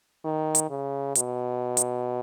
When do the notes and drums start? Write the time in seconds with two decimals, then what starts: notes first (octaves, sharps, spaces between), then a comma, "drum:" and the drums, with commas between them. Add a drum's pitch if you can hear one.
0.24 D#3
0.55 drum: hi-hat
0.70 C#3
1.15 B2, drum: hi-hat
1.77 drum: hi-hat